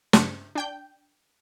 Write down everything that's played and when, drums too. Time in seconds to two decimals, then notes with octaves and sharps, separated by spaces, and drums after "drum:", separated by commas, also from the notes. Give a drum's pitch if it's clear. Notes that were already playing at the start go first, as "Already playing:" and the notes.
0.13 G2 C#3 D4 C#7, drum: snare
0.55 D4 G5 G6